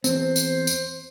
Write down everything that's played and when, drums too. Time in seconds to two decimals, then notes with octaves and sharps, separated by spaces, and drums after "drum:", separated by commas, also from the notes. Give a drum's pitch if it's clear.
0.04 E2 C4 C5, drum: tambourine
0.36 drum: tambourine
0.67 drum: tambourine